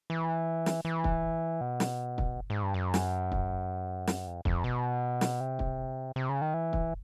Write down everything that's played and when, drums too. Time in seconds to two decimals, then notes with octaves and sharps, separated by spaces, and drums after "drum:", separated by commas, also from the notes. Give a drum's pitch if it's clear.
0.10 E3
0.66 drum: snare
0.85 E3
1.04 drum: kick
1.61 B2
1.80 drum: snare
2.18 drum: kick
2.50 G#2
2.63 G2
2.74 F#2
2.94 drum: snare
3.32 drum: kick
4.07 drum: snare
4.27 F2
4.45 F2, drum: kick
4.64 B2
5.21 drum: snare
5.40 C3
5.59 drum: kick
6.16 C3
6.29 C#3
6.41 D#3
6.54 E3
6.73 drum: kick